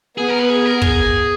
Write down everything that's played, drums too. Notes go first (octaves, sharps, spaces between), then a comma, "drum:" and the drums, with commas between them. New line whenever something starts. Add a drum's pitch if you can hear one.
B3 G#4
A#4
B4
G#4
A#4
G#4, drum: kick